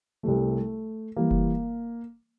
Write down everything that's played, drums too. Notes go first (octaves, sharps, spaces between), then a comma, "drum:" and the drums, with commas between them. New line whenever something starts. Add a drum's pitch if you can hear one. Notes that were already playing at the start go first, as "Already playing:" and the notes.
C2 C3 G3 A3
E3 G3 A#3
drum: kick F1